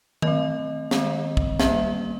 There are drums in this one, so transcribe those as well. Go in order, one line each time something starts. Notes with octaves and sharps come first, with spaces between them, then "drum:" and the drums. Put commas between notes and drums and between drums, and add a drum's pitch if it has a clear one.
F#3 A3 C4 D#5, drum: tom D#3
D#3 G#3 C4, drum: snare
drum: kick
G3 A#3 C#4 E5, drum: snare